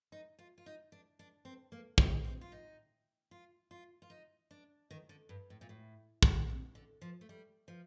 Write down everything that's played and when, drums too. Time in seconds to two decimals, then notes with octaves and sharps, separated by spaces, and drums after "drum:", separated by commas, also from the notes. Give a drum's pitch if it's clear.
0.12 D#4
0.39 F4
0.58 F4
0.66 D#4
0.92 D4
1.19 D4
1.45 C4
1.72 A#3
1.98 C4, drum: kick
2.24 C4
2.41 F4
2.52 D#4
3.31 F4
3.71 F4
4.02 F4
4.10 D#4
4.51 D4
4.91 D#3
5.09 D3
5.29 G2
5.50 A2
5.61 A#2
5.69 A2
6.23 drum: kick
6.50 C3
6.75 D3
7.01 F3
7.21 A3
7.29 G3
7.68 F3